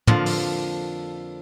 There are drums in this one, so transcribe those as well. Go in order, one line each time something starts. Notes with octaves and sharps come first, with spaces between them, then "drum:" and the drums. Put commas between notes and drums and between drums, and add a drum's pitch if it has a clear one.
F2 D3 F3 A#3, drum: tom
drum: open hi-hat